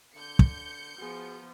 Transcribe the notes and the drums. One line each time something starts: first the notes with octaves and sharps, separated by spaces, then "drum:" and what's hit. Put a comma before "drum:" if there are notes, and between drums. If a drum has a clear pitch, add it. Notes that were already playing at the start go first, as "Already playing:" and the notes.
D3 G6 C#7
drum: kick
F3 B3 F#4 G#4